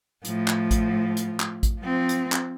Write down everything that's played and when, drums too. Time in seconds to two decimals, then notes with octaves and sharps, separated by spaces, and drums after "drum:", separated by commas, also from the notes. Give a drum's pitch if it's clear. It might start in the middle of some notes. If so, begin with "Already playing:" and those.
0.25 A2 F3, drum: hi-hat
0.48 drum: clap
0.71 drum: kick A1, hi-hat
1.17 drum: hi-hat
1.40 drum: clap
1.63 drum: kick A1, hi-hat
1.80 F3 C4
2.09 drum: hi-hat
2.32 drum: clap